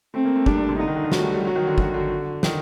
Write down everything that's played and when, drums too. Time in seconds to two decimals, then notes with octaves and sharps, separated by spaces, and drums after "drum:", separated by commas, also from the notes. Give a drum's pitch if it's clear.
0.14 A3 C4
0.25 A#3
0.36 A3
0.46 G3 D4, drum: kick
0.58 A3
0.69 C3
0.79 D3 D#4
0.88 D#3
0.96 D3
1.04 D#3
1.12 F#3 F#4, drum: snare
1.17 A3
1.23 G3
1.34 G3
1.45 F#3 F#4
1.56 D#3
1.67 D3
1.78 drum: kick
1.94 D3
2.43 D#3, drum: snare